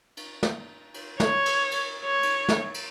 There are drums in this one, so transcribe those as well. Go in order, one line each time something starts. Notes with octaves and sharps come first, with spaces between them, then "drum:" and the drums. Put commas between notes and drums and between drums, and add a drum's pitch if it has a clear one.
drum: cymbal
drum: snare
drum: cymbal
C#5, drum: snare
drum: cymbal
drum: cymbal
C#5
drum: cymbal
drum: snare
drum: cymbal